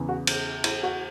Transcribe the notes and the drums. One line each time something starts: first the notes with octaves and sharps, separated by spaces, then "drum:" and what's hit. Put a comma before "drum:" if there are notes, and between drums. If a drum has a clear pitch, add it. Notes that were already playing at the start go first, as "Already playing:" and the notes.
Already playing: E2 C#3 E3
F#4
drum: cymbal
E4, drum: cymbal
F#4